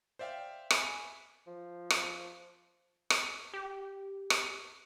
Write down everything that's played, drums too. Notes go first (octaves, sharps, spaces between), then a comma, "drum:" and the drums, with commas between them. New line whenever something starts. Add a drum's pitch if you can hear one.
C5 D5 E5 F5 G5
E5 G#5 B5, drum: rim click
F3
drum: rim click
drum: rim click
G4
drum: rim click